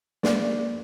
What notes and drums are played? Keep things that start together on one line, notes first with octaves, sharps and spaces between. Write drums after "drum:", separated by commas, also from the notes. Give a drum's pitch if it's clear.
A#3 G#4 D5, drum: snare